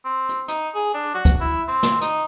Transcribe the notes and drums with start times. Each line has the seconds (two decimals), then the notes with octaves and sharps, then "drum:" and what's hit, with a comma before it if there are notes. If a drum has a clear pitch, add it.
0.05 C4
0.29 drum: hi-hat
0.48 D#4, drum: hi-hat
0.75 G#4
0.94 D4
1.15 F#4
1.25 drum: kick, hi-hat
1.41 E4
1.68 C4
1.83 drum: snare
2.01 D#4, drum: hi-hat